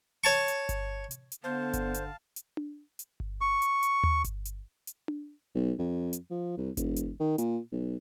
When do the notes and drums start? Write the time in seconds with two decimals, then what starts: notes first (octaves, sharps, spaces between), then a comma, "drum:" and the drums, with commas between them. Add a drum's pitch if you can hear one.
0.24 C#5 A5 C#6
0.48 drum: hi-hat
0.69 drum: kick G1, hi-hat
1.11 drum: hi-hat
1.32 drum: hi-hat
1.44 D3 B3 C5 F5 A5
1.73 drum: kick G1, hi-hat
1.94 drum: hi-hat
2.36 drum: hi-hat
2.57 drum: tom D4
2.99 drum: hi-hat
3.20 drum: kick G1
3.41 C#6
3.62 drum: hi-hat
3.83 drum: hi-hat
4.04 drum: tom D#2
4.24 drum: kick G1, hi-hat
4.45 drum: hi-hat
4.87 drum: hi-hat
5.08 drum: tom D4
5.55 B1
5.79 F2
6.13 drum: hi-hat
6.30 F3
6.57 C2
6.77 E1, drum: kick G1, hi-hat
6.96 drum: hi-hat
7.20 D#3
7.38 A#2, drum: hi-hat
7.72 B1